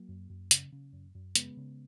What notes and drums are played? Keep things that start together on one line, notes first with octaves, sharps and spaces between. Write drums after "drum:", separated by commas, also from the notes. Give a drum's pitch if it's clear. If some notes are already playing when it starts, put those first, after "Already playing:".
Already playing: F#3 A#3
F#2
F#2
C#3, drum: hi-hat
C#3
F#2
F#2
C#3 G#3 B3, drum: hi-hat
C#3